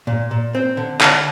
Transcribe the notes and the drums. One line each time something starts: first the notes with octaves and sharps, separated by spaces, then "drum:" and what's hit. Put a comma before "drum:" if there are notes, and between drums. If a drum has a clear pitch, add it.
A#2
A#2
C4
D3
D3, drum: clap